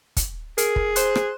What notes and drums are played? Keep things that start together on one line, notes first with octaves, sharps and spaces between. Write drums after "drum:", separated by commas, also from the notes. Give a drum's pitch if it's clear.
drum: kick, hi-hat
G#4 A#4, drum: hi-hat
drum: kick
C5 C6 F#6, drum: hi-hat
drum: rim click